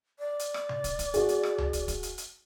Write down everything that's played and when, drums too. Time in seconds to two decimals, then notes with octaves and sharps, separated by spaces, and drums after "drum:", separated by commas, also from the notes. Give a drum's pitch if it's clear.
0.19 D5
0.39 drum: hi-hat
0.54 drum: rim click
0.69 drum: tom C3
0.84 drum: kick, hi-hat
0.99 drum: kick, hi-hat
1.14 F#4 G#4, drum: hi-hat
1.29 drum: hi-hat
1.43 drum: rim click
1.58 drum: tom C#2
1.73 drum: kick, hi-hat
1.88 drum: kick, hi-hat
2.03 drum: hi-hat
2.18 drum: hi-hat